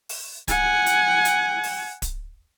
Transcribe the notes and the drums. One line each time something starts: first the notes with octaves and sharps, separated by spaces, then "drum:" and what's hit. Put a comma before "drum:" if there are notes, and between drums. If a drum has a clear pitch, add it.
drum: open hi-hat
F#5 G#5, drum: kick D1, hi-hat
drum: hi-hat
drum: hi-hat
drum: open hi-hat
drum: kick D1, hi-hat